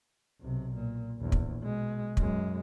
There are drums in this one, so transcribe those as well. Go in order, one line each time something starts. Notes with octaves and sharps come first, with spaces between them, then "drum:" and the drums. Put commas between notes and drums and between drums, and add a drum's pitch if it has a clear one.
B1 C3
A#2
A#1 E2
drum: kick
B2 G#3
F#2 G#3, drum: kick